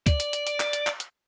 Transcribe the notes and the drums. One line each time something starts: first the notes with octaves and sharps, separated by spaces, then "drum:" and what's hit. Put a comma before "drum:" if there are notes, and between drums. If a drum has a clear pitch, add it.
D5, drum: kick, hi-hat
drum: hi-hat
drum: hi-hat
drum: hi-hat
drum: clap
drum: hi-hat
drum: clap
drum: hi-hat